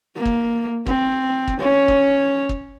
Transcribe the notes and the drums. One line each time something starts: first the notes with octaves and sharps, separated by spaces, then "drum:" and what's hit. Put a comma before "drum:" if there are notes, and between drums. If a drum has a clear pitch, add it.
A#3
drum: kick
C4, drum: kick
drum: kick
C#4 C#5
drum: kick
drum: kick